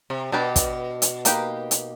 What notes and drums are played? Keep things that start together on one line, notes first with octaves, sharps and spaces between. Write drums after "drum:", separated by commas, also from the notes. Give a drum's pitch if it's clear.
C3
B2 D4 G4 B4 D5
drum: kick, hi-hat
drum: hi-hat
A#3 D#4 G4 B4, drum: hi-hat
drum: hi-hat